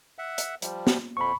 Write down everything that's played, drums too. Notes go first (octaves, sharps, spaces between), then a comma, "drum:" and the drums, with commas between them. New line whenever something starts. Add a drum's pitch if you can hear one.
E5 F#5
drum: hi-hat
F3 G3, drum: hi-hat
drum: snare
F2 F3 B5 C#6